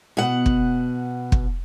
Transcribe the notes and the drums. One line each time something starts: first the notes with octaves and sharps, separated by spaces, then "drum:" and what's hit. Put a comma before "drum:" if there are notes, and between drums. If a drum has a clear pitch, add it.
B2 F#5
drum: kick
drum: kick